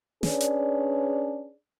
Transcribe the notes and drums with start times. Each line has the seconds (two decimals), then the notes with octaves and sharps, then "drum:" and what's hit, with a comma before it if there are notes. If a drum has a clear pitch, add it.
0.23 C#4 D4 G#4 B4 C#5 D5, drum: snare
0.40 drum: hi-hat